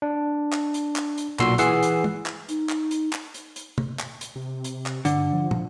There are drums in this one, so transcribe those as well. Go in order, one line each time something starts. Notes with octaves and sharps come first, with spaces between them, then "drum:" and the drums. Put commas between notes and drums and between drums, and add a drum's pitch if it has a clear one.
D4
drum: clap
drum: hi-hat
drum: clap
drum: hi-hat
B1 A#2 F#4 C6 E6 C7, drum: clap
E3 G#4 F#5 E6 C7, drum: hi-hat
drum: hi-hat
drum: tom
drum: clap
D#4, drum: hi-hat
drum: clap
drum: hi-hat
drum: clap
drum: hi-hat
drum: hi-hat
drum: tom
drum: clap
drum: hi-hat
C3
drum: hi-hat
drum: clap
G2 D3, drum: hi-hat
F3
drum: tom